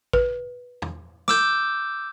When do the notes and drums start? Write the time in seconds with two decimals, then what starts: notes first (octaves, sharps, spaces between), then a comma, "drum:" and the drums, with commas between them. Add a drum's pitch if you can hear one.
0.13 B4, drum: kick A1
0.82 drum: tom
1.28 D6 E6 G6, drum: snare